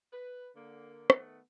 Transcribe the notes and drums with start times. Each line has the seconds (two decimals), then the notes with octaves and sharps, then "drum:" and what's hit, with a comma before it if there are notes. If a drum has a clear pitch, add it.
0.12 B4
0.54 D3 A#3
1.10 D#3 A3 B3, drum: rim click